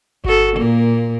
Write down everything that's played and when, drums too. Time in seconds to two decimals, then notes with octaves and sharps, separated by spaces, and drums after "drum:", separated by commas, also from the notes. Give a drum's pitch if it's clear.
0.24 F#4 A4, drum: kick G1
0.57 A#2 A#3